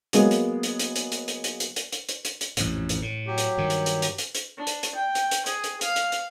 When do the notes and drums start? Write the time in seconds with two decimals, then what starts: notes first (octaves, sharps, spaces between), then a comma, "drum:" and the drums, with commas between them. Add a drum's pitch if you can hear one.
0.13 F#3 G#3 A#3 B3 G#4, drum: hi-hat
0.31 drum: hi-hat
0.63 drum: hi-hat
0.79 drum: hi-hat
0.96 drum: hi-hat
1.12 drum: hi-hat
1.28 drum: hi-hat
1.44 drum: hi-hat
1.60 drum: hi-hat
1.76 drum: hi-hat
1.92 drum: hi-hat
2.09 drum: hi-hat
2.25 drum: hi-hat
2.41 drum: hi-hat
2.57 A1 F2 G#2, drum: hi-hat
2.89 drum: hi-hat
3.02 A2
3.27 F#3 G4
3.38 drum: hi-hat
3.58 G2 D#3
3.70 drum: hi-hat
3.86 drum: hi-hat
4.02 drum: hi-hat
4.18 drum: hi-hat
4.35 drum: hi-hat
4.57 D4
4.67 drum: hi-hat
4.83 drum: hi-hat
4.95 G5
5.15 drum: hi-hat
5.31 drum: hi-hat
5.46 G#4, drum: hi-hat
5.64 drum: hi-hat
5.81 F5, drum: hi-hat
5.96 drum: hi-hat
6.12 drum: hi-hat